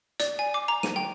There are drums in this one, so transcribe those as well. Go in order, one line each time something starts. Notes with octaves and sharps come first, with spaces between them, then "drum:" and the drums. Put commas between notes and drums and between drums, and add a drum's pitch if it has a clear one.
D5, drum: hi-hat
G#5
D6
A#5
D#7, drum: snare
G5